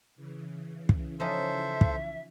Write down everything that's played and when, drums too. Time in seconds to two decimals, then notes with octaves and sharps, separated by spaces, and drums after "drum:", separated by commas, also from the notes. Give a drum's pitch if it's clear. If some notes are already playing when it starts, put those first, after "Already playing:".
0.16 C#3 E3
0.89 drum: kick
1.20 F3 C#4 D#4 A4 C5 E5
1.81 drum: kick